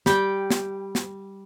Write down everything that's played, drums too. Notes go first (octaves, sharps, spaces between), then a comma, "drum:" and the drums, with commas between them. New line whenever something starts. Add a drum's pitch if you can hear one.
G3 G5, drum: snare
drum: snare
drum: snare